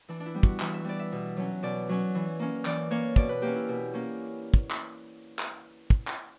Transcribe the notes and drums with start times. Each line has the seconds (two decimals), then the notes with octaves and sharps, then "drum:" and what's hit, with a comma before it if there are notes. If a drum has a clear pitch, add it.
0.08 E3 D4
0.20 D4
0.26 E4
0.34 G3 B3
0.43 F#4, drum: kick
0.60 E3 E5, drum: clap
0.74 E5
0.84 G3 B3 D5
0.99 E5
1.12 B2
1.37 F#3 C#4
1.63 B2 D5
1.89 F#3 C#4
2.15 E3
2.40 A#3 C#4
2.65 E3 D5, drum: clap
2.91 A#3 C#4 C#5
3.16 B2 D5, drum: kick
3.29 B4
3.42 A#3 C#4 G4
3.55 E4
3.69 B2
3.94 A#3 C#4
4.54 drum: kick
4.71 drum: clap
5.39 drum: clap
5.90 drum: kick
6.07 drum: clap